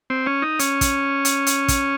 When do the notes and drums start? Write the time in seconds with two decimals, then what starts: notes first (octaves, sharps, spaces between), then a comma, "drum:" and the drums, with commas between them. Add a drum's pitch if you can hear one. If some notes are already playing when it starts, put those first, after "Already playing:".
0.10 C4
0.27 C#4
0.42 D#4
0.59 C#4, drum: hi-hat
0.81 drum: kick, hi-hat
1.25 drum: hi-hat
1.47 drum: hi-hat
1.68 drum: kick, hi-hat